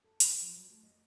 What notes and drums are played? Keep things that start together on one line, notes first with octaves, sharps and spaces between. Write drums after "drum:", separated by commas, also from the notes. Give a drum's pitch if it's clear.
A4
A#2, drum: hi-hat
F3
F#3
A3
D#5